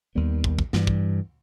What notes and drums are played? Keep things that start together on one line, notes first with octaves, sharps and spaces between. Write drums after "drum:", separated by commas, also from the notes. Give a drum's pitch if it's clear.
D#2 D#3 G3 B3
drum: kick
drum: kick
G2 E3 G3, drum: snare
drum: kick